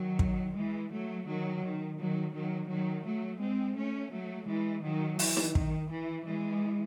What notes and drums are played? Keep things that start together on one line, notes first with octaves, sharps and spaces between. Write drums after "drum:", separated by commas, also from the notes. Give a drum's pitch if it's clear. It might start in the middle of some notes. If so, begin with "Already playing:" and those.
Already playing: D#3 F#3
drum: kick
E3 G#3
F#3 A3
D#3 F#3
D#3
D#3 F#3
D#3 F#3
D#3 F#3
F#3 A3
G#3 C4
A3 C#4
F#3 A3
E3 G#3
D#3 F#3
E3, drum: open hi-hat
drum: snare D#4
D#3, drum: kick
E3
E3 G#3